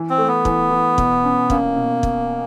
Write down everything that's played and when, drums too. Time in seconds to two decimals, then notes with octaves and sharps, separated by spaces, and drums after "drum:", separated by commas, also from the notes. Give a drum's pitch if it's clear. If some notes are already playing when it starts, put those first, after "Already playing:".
Already playing: E3
0.10 C4
0.18 A3
0.28 B3
0.45 E3, drum: kick
0.71 E3
0.98 B2, drum: kick
1.24 C#4
1.50 A#3 C#4, drum: kick
1.76 B2
2.03 drum: kick